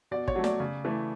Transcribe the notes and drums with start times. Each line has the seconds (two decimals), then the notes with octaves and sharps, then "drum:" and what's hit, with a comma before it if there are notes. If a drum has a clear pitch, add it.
0.11 B2 D5
0.28 C#5, drum: kick
0.36 F#3 A3
0.44 D5, drum: snare
0.60 C#3
0.85 E3 A3